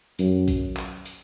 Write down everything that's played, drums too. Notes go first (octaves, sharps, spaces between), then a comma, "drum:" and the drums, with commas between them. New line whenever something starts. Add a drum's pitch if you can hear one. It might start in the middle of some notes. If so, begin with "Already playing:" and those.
F#2, drum: hi-hat
drum: kick, hi-hat
drum: clap
drum: hi-hat